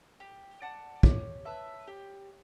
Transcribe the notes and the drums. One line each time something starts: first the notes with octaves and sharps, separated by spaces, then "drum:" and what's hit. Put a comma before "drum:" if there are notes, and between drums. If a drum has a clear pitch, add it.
G4
D5 F#5 A5
G4 C#5, drum: kick
B4 E5 A5
G4